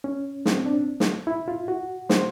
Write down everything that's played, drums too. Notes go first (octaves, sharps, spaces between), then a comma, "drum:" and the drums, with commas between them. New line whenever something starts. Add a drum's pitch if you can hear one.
C#4
C4, drum: snare
D4
drum: snare
E4
F4
F#4
C5, drum: snare